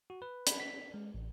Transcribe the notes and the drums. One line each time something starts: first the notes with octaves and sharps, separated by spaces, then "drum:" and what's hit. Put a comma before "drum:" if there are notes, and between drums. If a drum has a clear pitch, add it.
F#4
B4
B5, drum: hi-hat
B6
G#3
A1